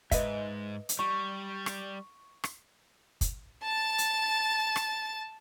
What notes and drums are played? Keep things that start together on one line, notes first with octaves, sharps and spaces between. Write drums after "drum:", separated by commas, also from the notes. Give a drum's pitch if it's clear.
G#2 B4 D#5 E5, drum: kick, hi-hat
drum: hi-hat
G3 C#6
drum: rim click
drum: rim click
drum: kick, hi-hat
A5 A6
drum: hi-hat
drum: rim click